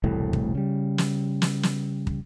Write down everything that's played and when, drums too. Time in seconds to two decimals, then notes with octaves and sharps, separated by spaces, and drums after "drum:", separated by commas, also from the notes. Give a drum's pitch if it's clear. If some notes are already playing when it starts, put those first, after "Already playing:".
0.04 E1 C2 A2 A3
0.33 drum: kick
0.55 C#3 G3
0.98 drum: snare
1.42 drum: snare
1.63 drum: snare
2.07 drum: kick